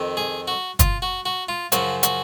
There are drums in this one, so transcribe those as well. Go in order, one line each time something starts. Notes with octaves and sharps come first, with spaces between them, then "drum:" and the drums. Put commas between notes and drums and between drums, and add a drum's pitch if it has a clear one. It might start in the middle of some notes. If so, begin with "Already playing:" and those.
Already playing: F2 D#3
G#4
F#4
F4, drum: kick, hi-hat
F#4
F#4
F4
F#2 C#3 F3 F#4, drum: hi-hat
F#4, drum: hi-hat